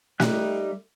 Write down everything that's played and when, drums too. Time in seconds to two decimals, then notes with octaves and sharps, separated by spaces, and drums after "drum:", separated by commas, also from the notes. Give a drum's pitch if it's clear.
0.20 G3 D#4 E5 F#6, drum: snare